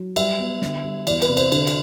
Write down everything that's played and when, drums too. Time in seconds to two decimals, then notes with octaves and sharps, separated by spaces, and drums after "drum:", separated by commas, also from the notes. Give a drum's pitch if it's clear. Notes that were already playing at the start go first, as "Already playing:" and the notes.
Already playing: F#3
0.16 G3 E5, drum: cymbal
0.39 B3
0.62 D3, drum: snare
0.84 G3
1.07 E2 D5, drum: cymbal
1.22 B4, drum: cymbal
1.29 C3
1.37 C5, drum: cymbal
1.52 D3, drum: cymbal
1.67 drum: cymbal